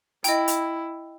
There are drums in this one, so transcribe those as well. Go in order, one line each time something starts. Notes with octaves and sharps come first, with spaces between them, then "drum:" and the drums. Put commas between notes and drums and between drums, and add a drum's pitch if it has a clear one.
E4 D#5 G5, drum: hi-hat
drum: hi-hat